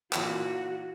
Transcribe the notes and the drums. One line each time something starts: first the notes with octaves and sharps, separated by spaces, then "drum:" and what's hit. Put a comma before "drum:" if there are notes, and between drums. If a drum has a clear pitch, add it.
A#2 E3 F#4 E7, drum: clap